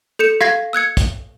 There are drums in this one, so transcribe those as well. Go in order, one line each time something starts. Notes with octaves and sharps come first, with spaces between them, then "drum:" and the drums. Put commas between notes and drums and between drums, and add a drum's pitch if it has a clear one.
A4 G6 C#7 E7
F5 G#6 A#6 C7, drum: rim click
E6 F#6 G#6 C#7
drum: kick, hi-hat